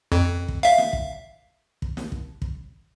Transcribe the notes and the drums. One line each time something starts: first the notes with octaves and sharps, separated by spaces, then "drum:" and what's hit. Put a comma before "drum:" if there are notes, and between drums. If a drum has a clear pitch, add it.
F2
drum: kick
E5 F5
drum: snare
drum: kick
drum: kick
drum: snare
drum: kick
drum: kick